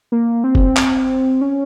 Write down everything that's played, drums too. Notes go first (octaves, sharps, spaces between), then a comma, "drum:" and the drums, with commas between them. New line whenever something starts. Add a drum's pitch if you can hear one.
A#3
C4
drum: kick F#1
drum: clap
C#4